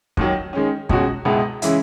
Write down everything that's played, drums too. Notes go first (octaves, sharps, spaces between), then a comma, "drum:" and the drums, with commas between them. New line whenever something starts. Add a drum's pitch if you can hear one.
D#2 D#3 F#3, drum: kick
D#3 G#3 C#4
C#2 B2 G#3 C#4 F#4, drum: kick
C#2 B2 G#3 B3 E4
C#3 E3 G#3 C#4 E4, drum: hi-hat